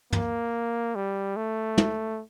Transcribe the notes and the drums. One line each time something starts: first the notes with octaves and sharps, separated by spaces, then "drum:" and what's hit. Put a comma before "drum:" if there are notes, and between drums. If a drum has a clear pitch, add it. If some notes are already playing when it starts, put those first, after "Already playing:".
A#3, drum: tom
G3
A3
drum: tom